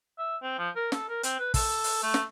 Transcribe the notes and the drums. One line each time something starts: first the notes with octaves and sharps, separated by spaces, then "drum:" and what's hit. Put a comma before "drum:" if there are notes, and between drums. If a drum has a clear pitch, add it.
E5
C4
F3
A#4
A4, drum: snare
A#4
C4, drum: hi-hat
B4
A4, drum: kick, open hi-hat
drum: open hi-hat
A3
drum: snare